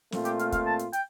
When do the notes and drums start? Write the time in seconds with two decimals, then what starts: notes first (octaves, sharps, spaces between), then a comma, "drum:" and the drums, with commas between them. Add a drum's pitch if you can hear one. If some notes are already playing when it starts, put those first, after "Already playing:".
0.12 A#2 A3 C4 F4, drum: snare
0.25 G4, drum: hi-hat
0.39 F5, drum: hi-hat
0.52 F5, drum: kick, hi-hat
0.66 A5
0.79 drum: hi-hat
0.93 G5, drum: hi-hat